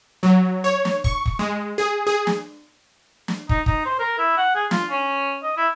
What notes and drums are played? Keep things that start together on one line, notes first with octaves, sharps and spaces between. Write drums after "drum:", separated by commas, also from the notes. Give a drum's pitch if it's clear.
F#3
C#5
drum: snare
C#6, drum: kick
drum: kick
G#3
G#4
G#4
drum: snare
drum: snare
D#4, drum: kick
D#4, drum: kick
C5
A#4
E4
F#5
G#4
F4, drum: snare
C#4
D#5
E4